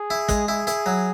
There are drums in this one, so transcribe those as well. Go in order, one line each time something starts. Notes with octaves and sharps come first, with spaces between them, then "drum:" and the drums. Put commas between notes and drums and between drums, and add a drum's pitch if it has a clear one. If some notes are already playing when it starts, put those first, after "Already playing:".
Already playing: G#4
E4
G#3, drum: kick, hi-hat
E4 G#4
E4, drum: hi-hat
F#3